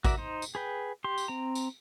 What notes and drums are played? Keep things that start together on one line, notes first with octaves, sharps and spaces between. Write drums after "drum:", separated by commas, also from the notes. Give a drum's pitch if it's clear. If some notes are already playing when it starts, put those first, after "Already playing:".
F#4 A#4 D5 E5, drum: kick A1, tambourine
D#4 C5
drum: tambourine
G#4 B4 G5
G4 C6
drum: tambourine
C4 A#5
drum: tambourine